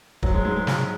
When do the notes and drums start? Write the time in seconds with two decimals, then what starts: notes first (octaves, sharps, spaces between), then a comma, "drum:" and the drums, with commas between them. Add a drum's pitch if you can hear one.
0.23 A#1 F#3, drum: kick
0.34 G#3
0.44 G#2 G#3
0.56 G#3
0.67 F#3 G#3, drum: snare